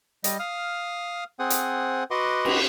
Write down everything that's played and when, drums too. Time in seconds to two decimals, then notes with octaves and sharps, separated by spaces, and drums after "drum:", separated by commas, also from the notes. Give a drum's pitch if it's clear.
0.24 G3 D#5, drum: hi-hat
0.39 F5 D#6 F6
1.39 C4 G#4 C5 F#5 D#6
1.50 drum: hi-hat
2.11 F#4 B4 D#5 F#5 C6 D6
2.45 drum: cymbal